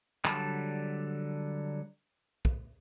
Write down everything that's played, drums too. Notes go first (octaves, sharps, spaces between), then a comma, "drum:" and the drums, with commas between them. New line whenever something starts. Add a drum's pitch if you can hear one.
D3 F#3 G3 A5, drum: clap
drum: kick